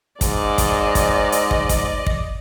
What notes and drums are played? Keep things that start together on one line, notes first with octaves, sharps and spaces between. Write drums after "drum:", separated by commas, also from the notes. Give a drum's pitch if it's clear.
G#2 D5 D#5, drum: kick, hi-hat
drum: kick, hi-hat
drum: kick, hi-hat
drum: hi-hat
drum: kick
drum: kick, hi-hat
drum: kick